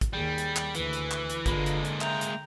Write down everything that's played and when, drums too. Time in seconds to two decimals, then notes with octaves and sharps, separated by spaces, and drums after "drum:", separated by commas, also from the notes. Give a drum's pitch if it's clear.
0.01 drum: kick A1, hi-hat
0.13 D#2 G3 G#4
0.38 drum: hi-hat
0.56 drum: clap
0.75 D2 E3 B4, drum: hi-hat
0.93 drum: hi-hat
1.11 drum: clap
1.30 drum: hi-hat
1.46 G1 D3 G#3 A#3 F4 B5, drum: kick A1, hi-hat
1.66 drum: hi-hat
1.85 drum: hi-hat
2.01 E5 G5 A#5, drum: clap
2.21 drum: hi-hat